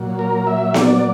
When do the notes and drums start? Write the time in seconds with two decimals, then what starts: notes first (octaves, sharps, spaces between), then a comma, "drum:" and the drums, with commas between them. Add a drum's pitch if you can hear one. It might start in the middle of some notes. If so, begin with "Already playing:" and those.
Already playing: A#2 F#3
0.19 A#4
0.47 E5
0.74 D5, drum: snare B3